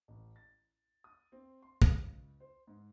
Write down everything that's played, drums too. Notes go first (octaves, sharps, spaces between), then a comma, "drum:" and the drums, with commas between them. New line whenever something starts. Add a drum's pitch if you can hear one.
A1
A6
D#6
C4
C6
C#2, drum: kick
C5
G#2